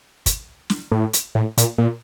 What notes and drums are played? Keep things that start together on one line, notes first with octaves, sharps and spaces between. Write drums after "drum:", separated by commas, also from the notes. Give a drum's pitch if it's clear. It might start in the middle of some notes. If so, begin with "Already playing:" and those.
drum: kick, hi-hat
drum: snare
A2
drum: hi-hat
A2
A#2, drum: hi-hat
A#2